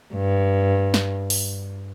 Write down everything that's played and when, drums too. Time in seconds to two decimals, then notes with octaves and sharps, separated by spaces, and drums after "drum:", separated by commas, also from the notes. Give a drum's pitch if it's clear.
0.14 G2
0.94 drum: snare
1.30 drum: open hi-hat